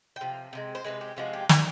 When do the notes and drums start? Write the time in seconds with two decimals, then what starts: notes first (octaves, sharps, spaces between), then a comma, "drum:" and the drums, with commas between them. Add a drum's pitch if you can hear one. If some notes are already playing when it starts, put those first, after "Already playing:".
0.16 G5
0.21 C3 F3
0.53 C3 F3 G#3
0.75 C5
0.84 C3 F3 G#3 B4
1.01 G4
1.17 C3 F3 G#3 F#4
1.33 G4
1.49 A#2 G3 G#4, drum: snare